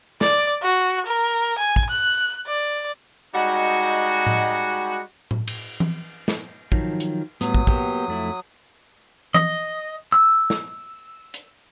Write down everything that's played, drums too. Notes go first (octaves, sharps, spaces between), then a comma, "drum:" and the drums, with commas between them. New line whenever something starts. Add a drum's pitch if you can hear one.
D5, drum: snare
F#4
A#4
G#5
drum: kick
F#6
D5
G3 G#3 D#4 F#4
drum: tom A2
drum: tom A2
drum: cymbal
drum: tom E3
drum: snare
D#3 F3 F#3, drum: kick
drum: hi-hat
A2 F#3 G3 B3 D#6, drum: hi-hat
drum: kick
A#3 B3 G4, drum: kick
F2 A3 E4
D#5, drum: tom E3
E6
drum: snare
drum: hi-hat